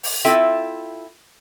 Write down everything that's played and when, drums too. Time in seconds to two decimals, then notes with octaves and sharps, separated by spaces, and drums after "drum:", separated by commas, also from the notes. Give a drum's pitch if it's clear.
0.03 drum: open hi-hat
0.24 C4 E4 F4 A4 E5 G5